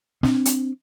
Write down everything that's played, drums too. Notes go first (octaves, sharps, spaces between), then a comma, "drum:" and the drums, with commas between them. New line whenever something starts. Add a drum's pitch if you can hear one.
C4 D4, drum: snare
drum: hi-hat